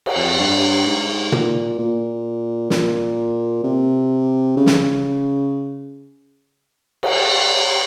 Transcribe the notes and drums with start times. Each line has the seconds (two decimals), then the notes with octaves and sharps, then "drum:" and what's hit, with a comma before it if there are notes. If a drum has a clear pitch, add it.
0.06 drum: cymbal
0.16 F2
0.39 G2
0.86 G#2
1.32 A#2, drum: tom
1.78 A#2
2.70 A#2, drum: snare
3.63 C3
4.56 C#3
4.66 drum: snare
7.03 drum: cymbal